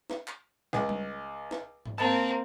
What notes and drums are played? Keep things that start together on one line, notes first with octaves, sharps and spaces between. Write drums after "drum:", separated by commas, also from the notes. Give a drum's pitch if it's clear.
drum: snare
drum: clap
C#2, drum: snare
drum: tom G3
drum: snare
drum: tom G#2
A#3 C4 A5